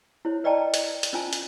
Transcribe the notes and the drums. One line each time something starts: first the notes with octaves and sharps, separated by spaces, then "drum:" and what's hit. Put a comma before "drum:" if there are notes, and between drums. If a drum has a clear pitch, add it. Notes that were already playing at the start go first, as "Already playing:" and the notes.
E4 C5 C#5
B4 D5 D#5 G5 A5 A#5
drum: hi-hat
drum: hi-hat
C#4 F4 C5 G#5 A5
drum: hi-hat